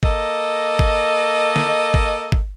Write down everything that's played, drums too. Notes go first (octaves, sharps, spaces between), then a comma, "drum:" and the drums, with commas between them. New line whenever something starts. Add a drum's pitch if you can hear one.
A#3 A4 D#5, drum: kick
drum: kick
drum: snare
drum: kick
drum: kick